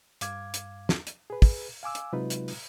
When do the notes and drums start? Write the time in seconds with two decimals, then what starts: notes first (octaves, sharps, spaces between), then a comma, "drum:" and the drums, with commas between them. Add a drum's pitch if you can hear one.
0.21 G2 F5 D6 G#6, drum: hi-hat
0.54 drum: hi-hat
0.89 drum: snare
1.07 drum: hi-hat
1.30 G#4 B4
1.42 drum: kick, open hi-hat
1.83 F5 G#5 D6 E6
1.95 drum: hi-hat
2.13 C3 F#3 G#3 D#4 F4 B4
2.30 drum: hi-hat
2.48 drum: open hi-hat